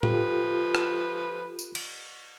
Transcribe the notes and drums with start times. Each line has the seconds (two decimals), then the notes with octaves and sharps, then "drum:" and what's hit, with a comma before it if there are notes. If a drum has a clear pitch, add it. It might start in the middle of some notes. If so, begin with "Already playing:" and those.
0.03 F3 F4 G4 A4 B4, drum: tom A2
0.75 drum: rim click
1.59 drum: tambourine
1.75 drum: cymbal